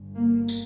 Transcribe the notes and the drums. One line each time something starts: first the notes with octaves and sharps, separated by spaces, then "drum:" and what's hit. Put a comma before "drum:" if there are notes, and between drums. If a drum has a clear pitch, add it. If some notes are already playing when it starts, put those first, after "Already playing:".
Already playing: G1 G2
A#3
drum: tambourine